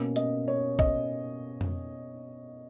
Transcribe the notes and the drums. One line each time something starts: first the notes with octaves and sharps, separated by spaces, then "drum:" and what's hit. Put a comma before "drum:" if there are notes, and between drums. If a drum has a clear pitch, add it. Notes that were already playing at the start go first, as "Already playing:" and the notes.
Already playing: B2 A#3 C#4
D#5, drum: hi-hat
C#5
D#5, drum: kick
drum: tom F2